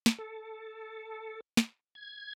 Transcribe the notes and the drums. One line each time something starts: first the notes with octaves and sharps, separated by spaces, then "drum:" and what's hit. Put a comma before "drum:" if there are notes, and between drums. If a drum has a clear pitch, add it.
drum: snare
A4
drum: snare
G#6